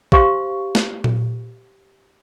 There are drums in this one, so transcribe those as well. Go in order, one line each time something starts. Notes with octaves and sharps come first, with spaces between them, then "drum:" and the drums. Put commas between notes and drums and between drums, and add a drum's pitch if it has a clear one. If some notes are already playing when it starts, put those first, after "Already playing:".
G4 C5 F5 C6 C#6, drum: kick
drum: snare
drum: tom A#2